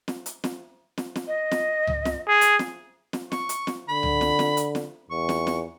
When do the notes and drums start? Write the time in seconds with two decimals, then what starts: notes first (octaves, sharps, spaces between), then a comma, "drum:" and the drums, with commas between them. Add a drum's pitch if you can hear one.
0.08 drum: snare
0.26 drum: hi-hat
0.44 drum: snare
0.98 drum: snare
1.16 drum: snare
1.27 D#5
1.51 drum: snare
1.87 drum: tom C#2
2.05 drum: snare
2.28 G#4
2.41 drum: hi-hat
2.59 drum: snare
3.13 drum: snare
3.32 C#6, drum: snare
3.49 drum: hi-hat
3.67 drum: snare
3.89 D3 B5
4.03 drum: tom C#2
4.21 drum: snare
4.39 drum: snare
4.57 drum: hi-hat
4.75 drum: snare
5.11 E2 C#6
5.29 drum: snare
5.47 drum: snare